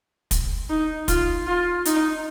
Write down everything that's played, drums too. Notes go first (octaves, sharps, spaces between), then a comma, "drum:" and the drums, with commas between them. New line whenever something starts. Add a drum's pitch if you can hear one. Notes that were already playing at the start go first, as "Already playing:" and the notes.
drum: kick, hi-hat
D#4
F4, drum: kick, hi-hat
F4
D#4, drum: hi-hat